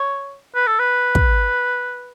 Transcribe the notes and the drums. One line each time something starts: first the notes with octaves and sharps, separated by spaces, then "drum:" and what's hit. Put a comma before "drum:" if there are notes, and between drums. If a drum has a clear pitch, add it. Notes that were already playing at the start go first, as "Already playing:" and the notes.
Already playing: C#5
B4
A4
B4
drum: kick